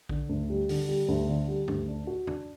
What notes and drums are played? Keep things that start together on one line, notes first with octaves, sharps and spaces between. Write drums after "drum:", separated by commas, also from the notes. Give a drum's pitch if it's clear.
D3, drum: kick
D2
G3
D3, drum: open hi-hat
G3
D2
D3
G3
D2, drum: tom
D4
F#4
D4, drum: tom